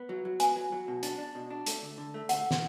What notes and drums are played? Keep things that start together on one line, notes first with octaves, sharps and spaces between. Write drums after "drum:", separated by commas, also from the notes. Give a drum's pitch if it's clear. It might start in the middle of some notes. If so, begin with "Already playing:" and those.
Already playing: B3
F#3
F#3
B3 G#5, drum: hi-hat
F#3
F#3
B2
D4, drum: hi-hat
D4
B2
D4
A3, drum: hi-hat
D2
D3
A3
D2 F#5, drum: hi-hat
drum: snare